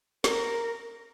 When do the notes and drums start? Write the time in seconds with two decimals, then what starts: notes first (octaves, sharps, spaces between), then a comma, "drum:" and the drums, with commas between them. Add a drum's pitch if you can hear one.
0.24 A#4, drum: snare